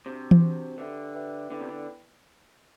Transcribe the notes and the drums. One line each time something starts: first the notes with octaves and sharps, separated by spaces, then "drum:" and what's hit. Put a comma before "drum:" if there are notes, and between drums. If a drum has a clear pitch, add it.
C3 D4 F#4 C5
drum: tom E3
D4 F#4 C5
D3 G4 B4 E5 G5
G4 B4 E5 G5
D3 B3 E4 B4 D5 G5
C3
D3